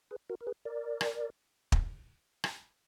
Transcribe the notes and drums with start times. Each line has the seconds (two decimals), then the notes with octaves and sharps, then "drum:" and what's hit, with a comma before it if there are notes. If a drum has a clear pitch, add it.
0.11 G#4 B4
0.29 F#4 A#4
0.41 A#4
0.47 G#4 B4
0.65 A#4 D5
1.01 drum: rim click
1.72 drum: kick
2.44 drum: rim click